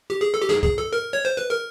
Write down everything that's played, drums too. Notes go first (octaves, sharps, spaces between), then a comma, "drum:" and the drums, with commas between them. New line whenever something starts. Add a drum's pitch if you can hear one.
G4
G#4
A4
G4
G#4, drum: snare
G#4, drum: kick
A4
A#4
C#5
C5
B4
A#4